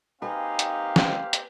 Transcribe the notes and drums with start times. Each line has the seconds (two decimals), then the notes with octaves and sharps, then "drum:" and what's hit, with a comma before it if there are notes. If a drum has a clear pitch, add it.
0.22 A#3 C4 D#4 G4 B4 F5 G#5
0.59 drum: hi-hat
0.96 drum: snare
1.33 drum: hi-hat